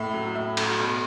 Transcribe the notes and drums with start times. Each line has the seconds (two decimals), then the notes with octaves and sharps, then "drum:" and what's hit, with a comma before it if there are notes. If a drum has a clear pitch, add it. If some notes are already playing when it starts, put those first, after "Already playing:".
Already playing: A2 E5
0.14 F#3
0.35 A2 E5
0.57 F#3, drum: cymbal
0.78 B2